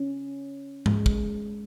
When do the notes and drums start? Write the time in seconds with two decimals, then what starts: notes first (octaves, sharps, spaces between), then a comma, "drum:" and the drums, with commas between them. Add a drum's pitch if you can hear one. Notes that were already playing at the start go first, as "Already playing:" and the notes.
Already playing: C#4
0.86 G#3, drum: tom G#2
1.06 drum: kick